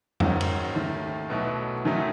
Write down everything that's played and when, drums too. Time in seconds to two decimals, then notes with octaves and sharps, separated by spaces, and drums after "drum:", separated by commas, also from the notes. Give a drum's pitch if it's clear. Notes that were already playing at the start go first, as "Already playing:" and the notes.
0.20 G#1 G#2 D#3 F#3 C#4, drum: tom F2
0.41 drum: cymbal
0.75 D#2 D#3 A3
1.29 B1 B2 F#3 A3 E4
1.85 F#2 D#3 F#3 A3 D#4